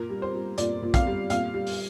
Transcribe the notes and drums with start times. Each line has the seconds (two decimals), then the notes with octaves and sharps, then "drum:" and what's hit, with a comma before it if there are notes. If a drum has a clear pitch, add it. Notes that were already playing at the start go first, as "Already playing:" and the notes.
Already playing: A#2 A#4
0.10 G3
0.22 C5
0.35 G3
0.58 A#2 D5, drum: hi-hat
0.82 A#2
0.94 F5, drum: kick, hi-hat
1.07 G3
1.30 A#2 F5, drum: hi-hat
1.54 G3
1.67 drum: open hi-hat